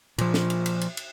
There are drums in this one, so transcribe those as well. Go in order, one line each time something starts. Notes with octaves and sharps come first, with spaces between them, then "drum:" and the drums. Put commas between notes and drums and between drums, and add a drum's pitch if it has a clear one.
A#2 F3, drum: cymbal
drum: snare
drum: cymbal
drum: cymbal
drum: cymbal
drum: cymbal